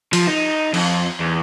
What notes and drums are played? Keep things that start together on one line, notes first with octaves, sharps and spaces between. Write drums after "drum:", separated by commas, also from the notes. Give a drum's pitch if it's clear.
F3, drum: cymbal
D#4
F2, drum: cymbal
E2